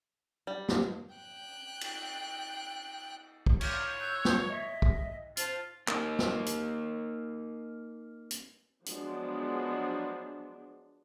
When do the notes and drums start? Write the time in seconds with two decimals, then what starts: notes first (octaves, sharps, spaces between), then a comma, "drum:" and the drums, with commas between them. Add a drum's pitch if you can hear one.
0.47 G3
0.69 A#3 D#4 G4, drum: snare
1.15 G5 F#6
1.81 drum: cymbal
3.46 drum: kick
3.61 C#5 D6 F6 G6, drum: cymbal
3.99 E6 F#6 G6
4.25 drum: snare
4.48 D#5 E5
4.82 drum: kick
5.37 F4 C5 A5, drum: hi-hat
5.88 A#3 D#4, drum: clap
6.19 drum: snare
6.46 drum: hi-hat
8.31 drum: hi-hat
8.86 F3 F#3 G#3 B3 D4, drum: hi-hat